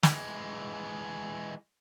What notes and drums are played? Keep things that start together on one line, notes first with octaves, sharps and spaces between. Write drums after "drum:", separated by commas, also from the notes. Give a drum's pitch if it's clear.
E3 G#3, drum: snare